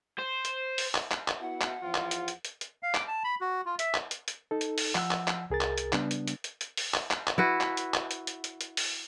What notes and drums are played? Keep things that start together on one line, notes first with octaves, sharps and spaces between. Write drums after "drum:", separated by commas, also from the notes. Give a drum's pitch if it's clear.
C5
drum: hi-hat
drum: open hi-hat
drum: clap
drum: clap
drum: clap
B3 E4 F#4 F#5
drum: clap
E2 E3 F3 F4
drum: clap
drum: hi-hat
drum: hi-hat
drum: hi-hat
drum: hi-hat
F5
D6, drum: clap
A5
B5
F#4
F4
E5, drum: hi-hat
drum: clap
drum: hi-hat
drum: hi-hat
D#4 A4
drum: hi-hat
drum: open hi-hat
F3 F#5 E6, drum: clap
drum: clap
drum: clap
C2 G#4 A#4 A6
drum: clap
drum: hi-hat
C#3 G3 B3 D4, drum: clap
drum: hi-hat
drum: hi-hat
drum: hi-hat
drum: hi-hat
drum: open hi-hat
drum: clap
drum: clap
drum: clap
E4 F#4 B4
drum: clap
drum: hi-hat
drum: clap
drum: hi-hat
drum: hi-hat
drum: hi-hat
drum: hi-hat
drum: open hi-hat